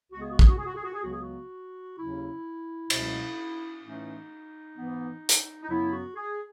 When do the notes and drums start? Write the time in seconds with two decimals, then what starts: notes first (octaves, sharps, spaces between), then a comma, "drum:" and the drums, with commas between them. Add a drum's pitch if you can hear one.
0.11 C#2 C#3 G#3 B3 F#4
0.21 G#4
0.30 F#4
0.39 G#4, drum: kick
0.48 F#4
0.57 G#4
0.66 F#4
0.75 G#4
0.84 F#4
0.93 G#4
1.02 C#2 C#3 F#3 B3 F#4
1.11 G#4
1.21 F#4
1.97 D#2 C#3 F#3 C#4 E4
2.90 C#2 B2 F#3 A3 C#4, drum: cymbal
3.82 A2 E3 A3 C#4 D#4
4.76 G#2 E3 B3
5.29 drum: hi-hat
5.63 D#4
5.69 F#2 C#3 F#3 B3 E4
5.92 F#4
6.15 G#4